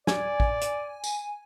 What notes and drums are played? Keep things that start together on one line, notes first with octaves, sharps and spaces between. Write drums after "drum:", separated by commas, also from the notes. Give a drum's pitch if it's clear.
D5 G#5, drum: snare
drum: kick A1
drum: hi-hat
drum: tambourine